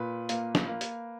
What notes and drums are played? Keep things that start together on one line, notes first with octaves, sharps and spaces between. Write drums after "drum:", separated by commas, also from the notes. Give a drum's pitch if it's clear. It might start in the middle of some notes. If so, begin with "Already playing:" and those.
Already playing: A#2 B4
A#3, drum: hi-hat
drum: snare
A#3
drum: hi-hat